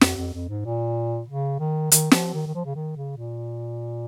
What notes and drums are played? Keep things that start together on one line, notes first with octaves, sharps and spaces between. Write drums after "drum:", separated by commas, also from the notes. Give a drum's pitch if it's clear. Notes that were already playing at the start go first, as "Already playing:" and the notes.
F2, drum: snare
F2
F2
G#2
A#2
C#3
D#3
D#3, drum: hi-hat
F3, drum: snare
D#3
D#3
F3
C#3
D#3
C#3
A#2